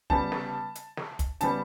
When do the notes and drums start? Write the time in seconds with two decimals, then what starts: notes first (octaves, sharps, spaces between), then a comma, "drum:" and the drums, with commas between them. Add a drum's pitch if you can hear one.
0.10 C#3 G3 B3 A5, drum: kick
0.32 drum: snare
0.75 drum: hi-hat
0.97 drum: snare
1.19 drum: kick, hi-hat
1.41 C#3 G3 B3 A5, drum: hi-hat